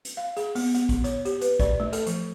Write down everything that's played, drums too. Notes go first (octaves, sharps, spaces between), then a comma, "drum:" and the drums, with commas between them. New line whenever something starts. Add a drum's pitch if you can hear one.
drum: hi-hat
F5
G#4, drum: hi-hat
B3, drum: open hi-hat
B3, drum: hi-hat
drum: kick, hi-hat
C#5, drum: hi-hat
G4, drum: hi-hat
B4, drum: hi-hat
D5, drum: kick, hi-hat
A3
A4, drum: hi-hat
F3, drum: hi-hat